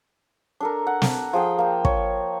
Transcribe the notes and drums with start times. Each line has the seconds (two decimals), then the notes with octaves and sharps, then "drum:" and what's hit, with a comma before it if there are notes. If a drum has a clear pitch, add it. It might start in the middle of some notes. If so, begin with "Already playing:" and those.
0.60 D4 A4 A#4
0.87 F#5
1.02 drum: snare
1.33 F3 G#4 G5
1.58 A#3 G5
1.85 C#5, drum: kick